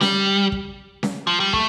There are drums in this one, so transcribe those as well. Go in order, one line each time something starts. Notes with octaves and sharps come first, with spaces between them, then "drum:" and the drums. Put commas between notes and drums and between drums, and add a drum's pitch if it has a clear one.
G3, drum: snare C#4
drum: kick
drum: snare C#4
F3
G3
A3, drum: kick